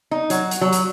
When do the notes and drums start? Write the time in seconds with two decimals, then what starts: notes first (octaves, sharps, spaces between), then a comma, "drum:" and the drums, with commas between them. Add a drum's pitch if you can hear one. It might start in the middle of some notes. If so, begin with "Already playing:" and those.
0.11 D#4
0.30 F#3, drum: hi-hat
0.51 drum: hi-hat
0.61 F#3
0.73 drum: hi-hat